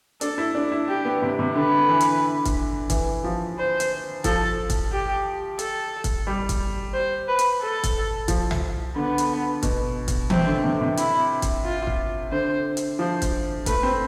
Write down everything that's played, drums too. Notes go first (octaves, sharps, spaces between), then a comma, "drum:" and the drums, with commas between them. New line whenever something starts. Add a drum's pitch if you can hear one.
D4 A4, drum: hi-hat
E4
D4
E4
G4
B3
C3
C3
D3 B4
E3
drum: hi-hat
drum: kick, hi-hat
E3, drum: kick, hi-hat
F3
C5
drum: hi-hat
F3 A4, drum: kick, hi-hat
drum: kick, hi-hat
G4
A4, drum: hi-hat
drum: kick, hi-hat
G3
drum: kick, hi-hat
C5
B4
drum: hi-hat
A4
drum: kick, hi-hat
F3, drum: kick, hi-hat
drum: tom
D3 B3
drum: hi-hat
B2, drum: kick, hi-hat
drum: kick, hi-hat
C3 C4, drum: tom E3
D3
C3
C3
E4, drum: hi-hat
drum: kick, hi-hat
F4
drum: kick
D3 C5
drum: hi-hat
F3 C5
drum: kick, hi-hat
A3 B4, drum: kick, hi-hat
C4